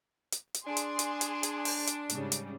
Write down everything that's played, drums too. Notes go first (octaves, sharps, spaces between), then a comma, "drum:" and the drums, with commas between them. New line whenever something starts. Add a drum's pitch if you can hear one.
drum: hi-hat
drum: hi-hat
D4 G#4 C6
drum: hi-hat
drum: hi-hat
drum: hi-hat
drum: hi-hat
drum: open hi-hat
drum: hi-hat
G#2 C#3 G3, drum: hi-hat
drum: hi-hat